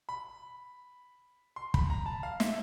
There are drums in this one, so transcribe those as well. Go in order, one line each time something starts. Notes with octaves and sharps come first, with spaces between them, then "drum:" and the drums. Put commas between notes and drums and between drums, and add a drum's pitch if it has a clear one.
B5
C6
B5, drum: kick
A#5
A5
F5
E5, drum: snare